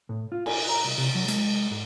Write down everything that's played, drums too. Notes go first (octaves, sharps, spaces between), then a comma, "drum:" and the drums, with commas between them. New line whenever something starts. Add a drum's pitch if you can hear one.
A2
F4
G#5, drum: cymbal
A#5
C2
C3
F#3
G#3, drum: hi-hat
G#2